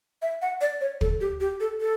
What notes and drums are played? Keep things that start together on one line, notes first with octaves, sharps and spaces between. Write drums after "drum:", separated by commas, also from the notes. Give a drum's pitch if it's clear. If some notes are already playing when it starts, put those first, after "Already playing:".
E5
F#5
D5
C#5
A4, drum: kick
G4
G4
A4
A4